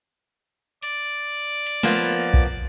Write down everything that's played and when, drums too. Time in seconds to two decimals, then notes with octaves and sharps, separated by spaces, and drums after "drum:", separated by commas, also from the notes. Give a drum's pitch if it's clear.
0.82 D5, drum: hi-hat
1.66 drum: hi-hat
1.83 F3 A#3 B3, drum: snare
2.34 drum: kick A#1